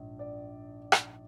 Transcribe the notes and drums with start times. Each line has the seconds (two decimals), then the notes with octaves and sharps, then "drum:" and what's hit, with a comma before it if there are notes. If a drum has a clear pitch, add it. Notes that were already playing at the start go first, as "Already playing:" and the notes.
Already playing: A#1 G#2
0.19 D5
0.92 drum: rim click